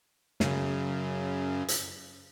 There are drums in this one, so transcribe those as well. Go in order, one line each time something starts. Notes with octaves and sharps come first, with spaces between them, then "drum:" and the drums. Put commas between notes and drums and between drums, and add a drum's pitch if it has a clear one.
F#2 C#3, drum: snare
drum: hi-hat